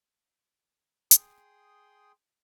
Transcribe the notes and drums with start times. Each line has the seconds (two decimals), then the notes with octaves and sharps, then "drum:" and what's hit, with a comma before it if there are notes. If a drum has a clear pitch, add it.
1.11 G#4 G5 C6 D#6, drum: hi-hat